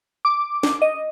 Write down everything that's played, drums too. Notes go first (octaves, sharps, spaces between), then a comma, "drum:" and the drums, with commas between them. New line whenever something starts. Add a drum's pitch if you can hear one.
D6
drum: snare
D#5